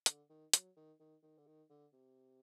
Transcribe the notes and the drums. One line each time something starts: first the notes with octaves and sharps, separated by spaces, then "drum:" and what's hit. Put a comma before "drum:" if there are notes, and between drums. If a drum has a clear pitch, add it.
D3, drum: hi-hat
D#3
F#3, drum: hi-hat
D#3
D#3
D#3
D3
D#3
D3
C3